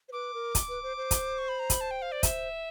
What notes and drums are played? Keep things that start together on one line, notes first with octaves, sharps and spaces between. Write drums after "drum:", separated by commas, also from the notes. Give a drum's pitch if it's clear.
C5
B4 D6
A#4
drum: kick, hi-hat
B4
C5
C5
drum: kick, hi-hat
C#6
B5
A#5
B5, drum: kick, hi-hat
A5
G5
F5
D5
E5, drum: kick, hi-hat